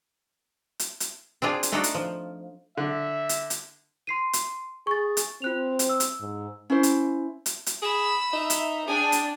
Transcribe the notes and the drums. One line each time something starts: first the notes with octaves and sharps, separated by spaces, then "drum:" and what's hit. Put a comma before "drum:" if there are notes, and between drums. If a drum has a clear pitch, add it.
drum: hi-hat
drum: hi-hat
C4 D4 F4 G#4
drum: hi-hat
A3 D4 D#4 F4 F#4 A4
drum: hi-hat
F3
D3 E5
drum: hi-hat
drum: hi-hat
C6 C7 D#7
drum: hi-hat
G#4 C#6 A6
drum: hi-hat
C4 F4 F#6 F7
drum: hi-hat
E6
drum: hi-hat
G#2
C#4 E4 C5
drum: hi-hat
drum: hi-hat
drum: hi-hat
G#4 B5 E6
D#4 E5
drum: hi-hat
D4 G#4 G5 G#5
drum: hi-hat